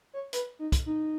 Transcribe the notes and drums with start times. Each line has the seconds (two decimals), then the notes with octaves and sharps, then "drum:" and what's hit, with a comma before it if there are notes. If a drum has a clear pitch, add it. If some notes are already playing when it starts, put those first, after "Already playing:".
0.13 C#5
0.33 B4, drum: hi-hat
0.59 D#4
0.72 drum: kick, hi-hat
0.86 D#4